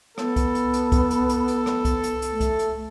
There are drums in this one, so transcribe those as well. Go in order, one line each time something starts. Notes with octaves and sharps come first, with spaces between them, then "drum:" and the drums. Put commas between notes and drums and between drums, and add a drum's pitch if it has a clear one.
B3 A4, drum: rim click
drum: kick C2, hi-hat
drum: hi-hat
drum: hi-hat
drum: kick C2, hi-hat
drum: hi-hat
drum: hi-hat
drum: hi-hat
drum: rim click
drum: kick C2, hi-hat
drum: hi-hat
drum: hi-hat
A3
drum: kick C2, hi-hat
drum: hi-hat